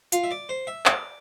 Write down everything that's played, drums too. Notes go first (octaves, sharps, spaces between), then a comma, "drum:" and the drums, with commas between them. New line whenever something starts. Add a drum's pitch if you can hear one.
F4, drum: hi-hat
E5
D5
C5
E5
D5, drum: clap